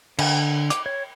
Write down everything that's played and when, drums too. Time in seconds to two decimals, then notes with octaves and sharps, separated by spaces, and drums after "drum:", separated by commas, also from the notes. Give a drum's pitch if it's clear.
0.19 D3, drum: cymbal
0.70 D6, drum: hi-hat
0.86 C#5